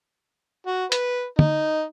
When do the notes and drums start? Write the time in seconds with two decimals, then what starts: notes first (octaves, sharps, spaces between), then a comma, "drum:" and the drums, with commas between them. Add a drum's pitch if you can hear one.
0.67 F#4
0.92 B4, drum: hi-hat
1.39 D#4, drum: tom